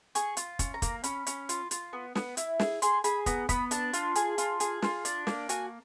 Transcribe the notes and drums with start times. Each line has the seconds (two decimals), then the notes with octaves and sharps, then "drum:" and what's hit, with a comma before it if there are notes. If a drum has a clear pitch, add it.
0.15 G#4 C#6, drum: hi-hat
0.37 F4, drum: hi-hat
0.59 C#4, drum: kick, hi-hat
0.74 A#5
0.82 A#3, drum: kick, hi-hat
1.04 C#4 B5, drum: hi-hat
1.27 C#4, drum: hi-hat
1.49 F4, drum: hi-hat
1.71 F4, drum: hi-hat
1.93 B3
2.15 B3, drum: snare
2.37 E4, drum: hi-hat
2.60 G#4, drum: snare
2.82 G#4 C6, drum: hi-hat
3.04 G#4 B5, drum: hi-hat
3.26 B3 A#5, drum: kick, hi-hat
3.49 B3 B5, drum: kick, hi-hat
3.71 D4 A5, drum: hi-hat
3.93 F4, drum: hi-hat
4.15 G#4, drum: hi-hat
4.38 F4, drum: hi-hat
4.60 G#4, drum: hi-hat
4.82 F4, drum: snare
5.05 D4, drum: hi-hat
5.27 A#3, drum: snare
5.49 F#4 G#5, drum: hi-hat